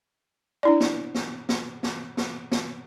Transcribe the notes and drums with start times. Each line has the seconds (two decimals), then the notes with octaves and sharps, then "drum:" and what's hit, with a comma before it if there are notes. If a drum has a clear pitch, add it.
0.63 D4 E4 D5
0.80 drum: snare
1.15 drum: snare
1.49 drum: snare
1.83 drum: snare
2.17 drum: snare
2.52 drum: snare